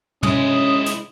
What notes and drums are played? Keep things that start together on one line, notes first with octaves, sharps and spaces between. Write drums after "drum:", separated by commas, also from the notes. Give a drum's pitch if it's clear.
G#3 C#4 E4 D#6, drum: tom
drum: hi-hat